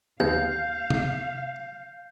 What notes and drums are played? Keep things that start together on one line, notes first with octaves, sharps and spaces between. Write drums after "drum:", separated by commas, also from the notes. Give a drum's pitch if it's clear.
D#2 F5 G6
drum: tom C3